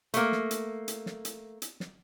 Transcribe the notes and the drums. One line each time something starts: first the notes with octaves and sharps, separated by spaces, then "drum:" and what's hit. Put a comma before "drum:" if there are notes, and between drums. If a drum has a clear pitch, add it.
A3 A#3, drum: hi-hat
drum: snare
drum: hi-hat
drum: hi-hat
drum: snare
drum: hi-hat
drum: hi-hat
drum: snare